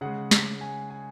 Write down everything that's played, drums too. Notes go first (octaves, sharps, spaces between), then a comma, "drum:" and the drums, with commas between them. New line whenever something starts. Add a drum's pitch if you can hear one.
C#3 G#3 F#5
drum: snare
G#5
G#5